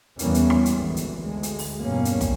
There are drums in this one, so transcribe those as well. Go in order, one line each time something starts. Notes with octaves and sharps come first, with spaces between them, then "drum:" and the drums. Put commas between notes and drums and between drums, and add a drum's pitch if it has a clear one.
E2 E3 G3 A#3 B3 C#4, drum: hi-hat
drum: hi-hat
drum: rim click
drum: hi-hat
G#1 D2 E3
drum: hi-hat
D2 G#3
drum: hi-hat
drum: open hi-hat
E2 G2 B2 A#3 C#4
drum: hi-hat
drum: kick, hi-hat